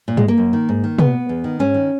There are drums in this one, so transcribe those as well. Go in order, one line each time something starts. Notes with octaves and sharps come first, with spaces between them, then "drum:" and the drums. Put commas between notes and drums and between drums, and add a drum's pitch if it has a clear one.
A#2
G#3, drum: tom G2
A#3
F#2
D#3
G#2
D#3
A#2 B3, drum: tom
E2
D#3
G#2 C#4
D#3